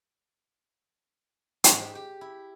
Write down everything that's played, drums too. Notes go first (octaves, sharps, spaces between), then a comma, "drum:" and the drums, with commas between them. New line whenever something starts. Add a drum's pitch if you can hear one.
G#2, drum: hi-hat
G4
G4
E4